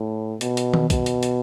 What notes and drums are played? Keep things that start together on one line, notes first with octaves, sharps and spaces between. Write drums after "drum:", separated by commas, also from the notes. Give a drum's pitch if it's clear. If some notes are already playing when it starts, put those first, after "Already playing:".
Already playing: A2
B2, drum: hi-hat
drum: hi-hat
drum: tom D#3
B2, drum: kick, hi-hat
drum: hi-hat
drum: hi-hat